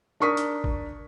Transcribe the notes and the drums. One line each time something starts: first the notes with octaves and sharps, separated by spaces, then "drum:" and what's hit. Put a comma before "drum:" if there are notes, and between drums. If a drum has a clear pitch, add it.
D4 A#4 C#6 D#6 B6
drum: hi-hat
drum: kick G#1